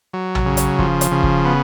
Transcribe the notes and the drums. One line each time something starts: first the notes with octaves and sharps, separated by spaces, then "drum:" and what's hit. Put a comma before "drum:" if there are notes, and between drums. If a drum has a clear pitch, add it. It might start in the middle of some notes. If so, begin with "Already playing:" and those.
F#3
drum: tom A#1
C#3
drum: hi-hat
F3, drum: kick
drum: hi-hat
C#3
drum: kick
B3